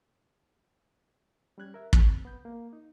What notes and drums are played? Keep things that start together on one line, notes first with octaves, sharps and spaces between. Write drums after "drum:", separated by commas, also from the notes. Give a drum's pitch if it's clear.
G3 C#4 F#6 G#6
A#4 E5
C4, drum: kick
B3 G6
A#3
D#4